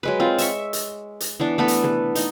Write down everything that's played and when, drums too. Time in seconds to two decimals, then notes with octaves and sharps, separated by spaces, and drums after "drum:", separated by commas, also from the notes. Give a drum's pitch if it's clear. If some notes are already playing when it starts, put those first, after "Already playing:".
0.03 F#3 G#3 B4
0.20 C4 F4
0.38 E5 C#6, drum: hi-hat
0.73 drum: hi-hat
1.20 drum: hi-hat
1.40 E3 B3 D4
1.58 A3 B3 A4 B4
1.68 drum: hi-hat
1.84 drum: tom
2.15 D#4, drum: hi-hat